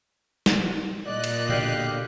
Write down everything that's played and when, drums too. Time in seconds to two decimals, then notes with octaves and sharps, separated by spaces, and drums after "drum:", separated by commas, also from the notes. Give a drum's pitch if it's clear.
0.46 drum: snare
1.06 A#2 D5 D#5 F#6
1.24 drum: cymbal
1.49 B2 D3 G4 F5